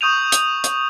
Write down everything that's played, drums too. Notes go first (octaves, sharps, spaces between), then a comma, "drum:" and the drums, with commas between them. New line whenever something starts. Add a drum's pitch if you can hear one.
C#6 D#6 G6 D#7 F7
drum: hi-hat
drum: hi-hat